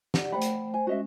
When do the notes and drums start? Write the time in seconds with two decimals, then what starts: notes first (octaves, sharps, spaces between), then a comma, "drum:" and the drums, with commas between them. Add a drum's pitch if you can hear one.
0.14 G4 D5 F#5, drum: snare
0.32 A3 C5 F#5 G5 B5
0.42 drum: hi-hat
0.74 C5 G#5
0.87 G#3 C#4 F#4 D#5 E5